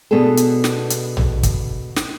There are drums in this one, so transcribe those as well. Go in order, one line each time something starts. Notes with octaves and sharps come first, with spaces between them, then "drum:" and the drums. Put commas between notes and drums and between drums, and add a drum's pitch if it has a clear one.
B2 B3 D4 G#4 A4
drum: hi-hat
drum: snare
drum: hi-hat
drum: tom A#1
drum: kick, hi-hat
drum: snare